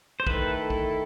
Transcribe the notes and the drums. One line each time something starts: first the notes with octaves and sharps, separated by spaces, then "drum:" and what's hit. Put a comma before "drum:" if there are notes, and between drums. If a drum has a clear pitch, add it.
C5
D#3 A3 E4 A4 B4, drum: kick
drum: kick